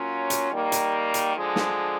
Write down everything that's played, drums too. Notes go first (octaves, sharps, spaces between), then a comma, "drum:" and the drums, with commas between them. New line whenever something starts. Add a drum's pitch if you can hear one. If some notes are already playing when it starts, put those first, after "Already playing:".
Already playing: F#3 A#3 C#4 F4
drum: hi-hat
D#3 G3 A#3
drum: hi-hat
drum: hi-hat
D3 F3 G#3
drum: snare